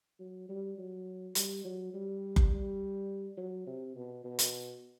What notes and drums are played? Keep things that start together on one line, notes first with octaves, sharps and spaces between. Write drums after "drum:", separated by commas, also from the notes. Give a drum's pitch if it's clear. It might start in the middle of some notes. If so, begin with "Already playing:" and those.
F#3
G3
F#3
G3, drum: hi-hat
F#3
G3
drum: kick F#1
G3
F#3
C3
B2
B2
drum: hi-hat